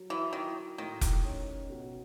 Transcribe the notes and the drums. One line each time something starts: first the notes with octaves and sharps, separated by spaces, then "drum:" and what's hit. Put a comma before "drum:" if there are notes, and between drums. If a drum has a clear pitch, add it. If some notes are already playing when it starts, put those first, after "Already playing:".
Already playing: F#3
E3
D#3 E4
A2 D#3
drum: kick F1, hi-hat
C#4
B2